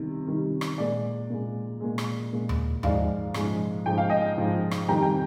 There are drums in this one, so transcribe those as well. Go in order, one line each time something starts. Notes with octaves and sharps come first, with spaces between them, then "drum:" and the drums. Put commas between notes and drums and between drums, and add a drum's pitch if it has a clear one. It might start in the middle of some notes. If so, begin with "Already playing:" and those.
Already playing: C3 D#3 G3
C3 D#3 G3
drum: rim click
A#2 G#3 D5
A#2 G#3
A#2 G#3
drum: rim click
A#2 G#3
drum: tom D#2
G#2 F3 G#3 D5 F5, drum: tom D#2
G#2 F3 G#3, drum: rim click
G#2 F3 G#3 G5
F5
D#5 G5
G#2 F3 G#3
drum: rim click
F2 D#3 G3 G5 A#5
G5